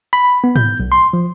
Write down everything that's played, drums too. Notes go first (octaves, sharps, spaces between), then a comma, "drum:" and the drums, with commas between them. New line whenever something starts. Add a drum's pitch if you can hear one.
B5
B3
G6, drum: tom G#2
B1
C6
F3